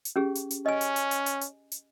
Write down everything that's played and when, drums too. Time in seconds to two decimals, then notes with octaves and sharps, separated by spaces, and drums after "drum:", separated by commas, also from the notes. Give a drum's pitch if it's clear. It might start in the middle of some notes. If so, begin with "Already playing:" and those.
0.05 drum: hi-hat
0.16 C#4 G4 G#4
0.35 drum: hi-hat
0.51 drum: hi-hat
0.66 C#4 D#5 G#5
0.81 drum: hi-hat
0.96 drum: hi-hat
1.11 drum: hi-hat
1.26 drum: hi-hat
1.41 drum: hi-hat
1.72 drum: hi-hat